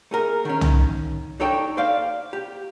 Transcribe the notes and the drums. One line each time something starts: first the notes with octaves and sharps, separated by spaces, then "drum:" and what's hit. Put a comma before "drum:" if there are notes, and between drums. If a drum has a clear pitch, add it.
A3 G#4 A#4
D#3 C#4
drum: tom
D4 D#4 A4 C#5 G5
C5 D5 F5
G4